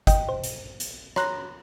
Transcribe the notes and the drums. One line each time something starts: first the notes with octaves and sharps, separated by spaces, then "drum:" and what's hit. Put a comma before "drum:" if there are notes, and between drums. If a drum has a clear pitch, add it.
D#5 G5, drum: kick G1, hi-hat
C5
drum: hi-hat
drum: hi-hat
C#5 A#5 C6 F#6, drum: rim click